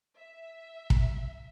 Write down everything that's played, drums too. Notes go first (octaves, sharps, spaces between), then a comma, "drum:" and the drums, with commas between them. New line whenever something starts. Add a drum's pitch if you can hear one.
E5
drum: kick